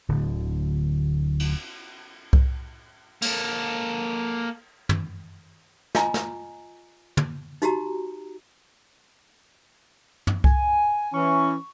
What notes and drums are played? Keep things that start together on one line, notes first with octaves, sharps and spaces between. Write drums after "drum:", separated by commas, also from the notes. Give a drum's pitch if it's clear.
D1 D2 D3
drum: cymbal
drum: kick C2
A#3 A4, drum: cymbal
drum: tom
F4 D#5 G#5 A#5, drum: snare
drum: snare
drum: tom
D#4 F#4 G4 A#5, drum: hi-hat
drum: tom
G#5, drum: kick C2
E3 C#4 C#6